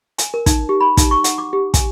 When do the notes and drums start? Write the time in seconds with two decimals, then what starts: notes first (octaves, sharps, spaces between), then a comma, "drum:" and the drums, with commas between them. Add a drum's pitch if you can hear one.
0.18 G#5, drum: hi-hat
0.34 A#4
0.46 D#4, drum: kick, hi-hat
0.69 G4
0.81 B5
0.97 D#4, drum: kick, hi-hat
1.11 C#6
1.24 F#5, drum: hi-hat
1.38 D6
1.53 G4
1.74 G#5, drum: kick, hi-hat